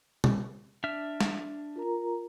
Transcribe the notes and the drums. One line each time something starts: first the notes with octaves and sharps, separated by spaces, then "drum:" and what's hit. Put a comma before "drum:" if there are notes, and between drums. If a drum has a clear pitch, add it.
drum: tom
D4 E5 F6
drum: snare
F4 A#4 A#5